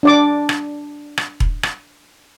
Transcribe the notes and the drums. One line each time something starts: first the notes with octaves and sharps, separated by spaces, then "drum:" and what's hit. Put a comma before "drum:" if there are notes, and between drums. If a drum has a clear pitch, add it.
D4 D5 D6
drum: rim click
drum: rim click
drum: kick E1
drum: rim click